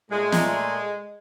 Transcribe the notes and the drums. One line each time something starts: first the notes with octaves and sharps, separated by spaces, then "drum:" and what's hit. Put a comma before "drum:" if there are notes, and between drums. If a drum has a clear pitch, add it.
A#2 G#3 A3
drum: snare